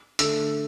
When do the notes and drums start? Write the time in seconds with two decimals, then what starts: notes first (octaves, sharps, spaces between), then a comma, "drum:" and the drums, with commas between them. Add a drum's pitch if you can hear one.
0.19 D3 A3 E6, drum: hi-hat